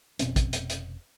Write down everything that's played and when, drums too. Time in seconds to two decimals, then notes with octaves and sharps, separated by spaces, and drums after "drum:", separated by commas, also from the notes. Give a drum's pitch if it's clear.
0.19 F1 B2 C4 C#4, drum: hi-hat
0.36 drum: kick, hi-hat
0.53 drum: hi-hat
0.70 drum: hi-hat